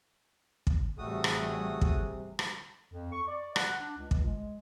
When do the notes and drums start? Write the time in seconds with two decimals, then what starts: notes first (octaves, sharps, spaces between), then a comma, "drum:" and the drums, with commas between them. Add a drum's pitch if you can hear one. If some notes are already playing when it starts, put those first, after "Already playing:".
0.67 drum: kick
0.98 A1 C3 G3 A3 F#4 G#4 D#6
1.24 drum: rim click
1.81 drum: kick
2.39 drum: rim click
2.91 F2
3.12 C#6
3.28 D5
3.56 F#5, drum: rim click
3.81 D4
3.98 C#2
4.11 drum: kick
4.25 G#3